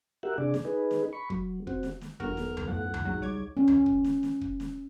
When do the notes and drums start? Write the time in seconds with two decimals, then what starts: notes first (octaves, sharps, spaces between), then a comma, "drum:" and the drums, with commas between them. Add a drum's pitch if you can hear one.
0.23 F#4 G4 A#4 E5 F#5
0.38 C3 D4 G#4 D5
0.54 drum: snare
0.65 D#4 G#4 B4
0.91 drum: snare
1.13 B5 C#6
1.30 F#3, drum: kick
1.67 C4 F#4, drum: kick
1.83 drum: snare
2.01 drum: snare
2.20 G1 E2 F#4 A#4, drum: kick
2.37 B1, drum: snare
2.57 drum: tom C#2
2.68 F#2 A2 F3 A3 F#5
2.94 drum: tom C#2
3.04 A#1 G#2 F#3
3.22 C#2 G3 C#5 D6 G#6
3.57 C#4
3.67 drum: tom C#2
3.86 drum: kick
4.04 drum: snare
4.23 drum: snare
4.41 drum: kick
4.60 drum: snare